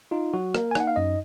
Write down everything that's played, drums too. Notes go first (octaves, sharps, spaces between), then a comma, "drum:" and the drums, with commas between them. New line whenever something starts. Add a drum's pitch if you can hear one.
D#4 F4
F#3 F#4
A#3 A#4, drum: rim click
G#5
D#4 F#5, drum: rim click
F5
F#2 D#5